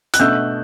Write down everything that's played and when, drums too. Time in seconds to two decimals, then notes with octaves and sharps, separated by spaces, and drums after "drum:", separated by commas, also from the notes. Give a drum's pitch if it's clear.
0.14 F#6, drum: hi-hat
0.19 B2 A3 D4 E6 G6